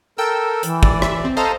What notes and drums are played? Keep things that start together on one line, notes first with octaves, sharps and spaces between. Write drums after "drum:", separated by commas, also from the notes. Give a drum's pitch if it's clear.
A4 A#4 G5 E6
E3, drum: hi-hat
D5, drum: kick
E5, drum: rim click
C4
A4 C5 D#5 F5 A5 A#5